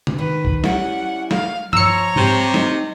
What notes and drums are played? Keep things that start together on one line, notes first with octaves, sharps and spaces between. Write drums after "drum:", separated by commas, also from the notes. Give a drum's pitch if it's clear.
drum: tom C3
D#3 B4
drum: kick
G3 C#4 E4 F#5, drum: snare
F5, drum: snare
F3 C#5 A#5 E6 C#7, drum: tom G2
G#2 C3
D#4 D#5, drum: snare